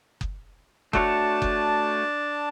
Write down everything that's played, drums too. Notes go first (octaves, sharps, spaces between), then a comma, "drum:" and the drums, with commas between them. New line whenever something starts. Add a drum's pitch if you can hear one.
drum: kick F#1
A3 D4 F#4 C#5 A5, drum: kick F#1
drum: kick F#1